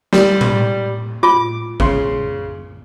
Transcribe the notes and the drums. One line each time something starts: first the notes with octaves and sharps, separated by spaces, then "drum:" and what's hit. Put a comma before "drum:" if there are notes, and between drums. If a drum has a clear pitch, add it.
G3, drum: snare
drum: tom A2
F4 D6
C#3 C6, drum: kick A1